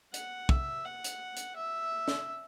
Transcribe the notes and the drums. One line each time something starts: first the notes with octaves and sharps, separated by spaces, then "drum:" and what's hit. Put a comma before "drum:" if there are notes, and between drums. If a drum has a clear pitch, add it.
F#5, drum: hi-hat
E5, drum: kick
F#5
drum: hi-hat
drum: hi-hat
E5
drum: snare